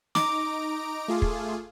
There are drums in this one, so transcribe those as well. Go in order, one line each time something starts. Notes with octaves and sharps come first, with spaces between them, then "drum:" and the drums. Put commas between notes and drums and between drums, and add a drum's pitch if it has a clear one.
D#4 A#5 D6 D7, drum: snare
A3 F4 G#4
drum: kick